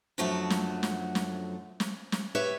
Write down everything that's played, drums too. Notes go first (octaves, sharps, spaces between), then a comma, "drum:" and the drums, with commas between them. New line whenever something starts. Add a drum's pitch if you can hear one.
F#2 D3 F3 F#3 A3 F#4
drum: snare
drum: snare
drum: snare
drum: snare
drum: snare
G4 B4 C#5 E5